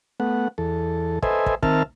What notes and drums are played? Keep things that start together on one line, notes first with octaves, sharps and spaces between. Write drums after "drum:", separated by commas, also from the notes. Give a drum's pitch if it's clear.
A3 B3 F#5
E2 A4
A4 B4 C5 D#5 E5 G#5, drum: kick
drum: kick
D#3 C4 A#4 E5 A5 F6, drum: kick